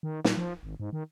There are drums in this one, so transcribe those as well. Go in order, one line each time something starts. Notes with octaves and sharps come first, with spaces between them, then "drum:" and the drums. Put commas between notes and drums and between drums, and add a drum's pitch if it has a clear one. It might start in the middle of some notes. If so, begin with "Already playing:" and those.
D#3
A#2, drum: snare
F3
G#1
G#2
D#3